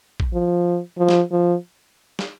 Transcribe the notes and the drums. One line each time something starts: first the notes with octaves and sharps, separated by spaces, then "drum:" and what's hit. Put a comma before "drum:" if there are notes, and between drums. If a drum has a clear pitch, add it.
drum: kick
F3
F3
drum: snare
F3
drum: snare